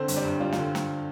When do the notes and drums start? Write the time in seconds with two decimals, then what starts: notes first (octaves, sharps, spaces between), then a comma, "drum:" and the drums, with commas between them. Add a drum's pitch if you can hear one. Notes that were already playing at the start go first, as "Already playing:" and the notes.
Already playing: D3 C4 C5
0.08 G1, drum: hi-hat
0.16 G3 G4
0.25 G2
0.40 G3 F4
0.53 D3 F4, drum: snare
0.75 drum: snare